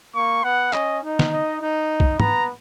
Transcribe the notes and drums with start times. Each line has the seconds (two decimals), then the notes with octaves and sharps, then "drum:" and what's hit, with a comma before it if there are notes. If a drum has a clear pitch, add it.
0.15 A#3 C#6
0.44 B3 F#5
0.73 C#4 D#5, drum: clap
1.03 D#4
1.19 drum: snare
1.32 D#5
1.61 D#4
2.00 drum: kick
2.20 B3 A#5, drum: tom